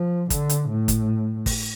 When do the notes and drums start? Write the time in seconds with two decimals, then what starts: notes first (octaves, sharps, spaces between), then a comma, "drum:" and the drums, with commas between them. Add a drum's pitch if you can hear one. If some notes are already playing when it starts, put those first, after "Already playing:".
Already playing: F3
0.30 D3, drum: kick, hi-hat
0.49 drum: hi-hat
0.69 A2
0.88 drum: kick, hi-hat
1.46 drum: kick, open hi-hat